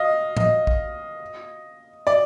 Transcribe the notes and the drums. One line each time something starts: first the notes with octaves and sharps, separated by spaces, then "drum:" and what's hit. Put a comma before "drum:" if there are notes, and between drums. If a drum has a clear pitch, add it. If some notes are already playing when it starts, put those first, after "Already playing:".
Already playing: D#5 F5
D#5, drum: tom A2
drum: kick
D5